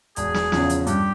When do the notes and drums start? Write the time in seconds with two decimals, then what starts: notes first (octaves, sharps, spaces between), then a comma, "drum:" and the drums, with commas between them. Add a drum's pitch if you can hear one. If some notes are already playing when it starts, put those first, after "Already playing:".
0.16 E1 G#4, drum: hi-hat
0.34 drum: snare
0.52 E2 C#3 F3, drum: snare
0.69 drum: hi-hat
0.87 G2 G4, drum: hi-hat